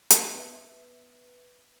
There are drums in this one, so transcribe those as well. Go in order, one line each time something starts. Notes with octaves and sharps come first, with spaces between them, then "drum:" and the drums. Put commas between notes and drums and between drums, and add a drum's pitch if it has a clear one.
drum: hi-hat
B3 E5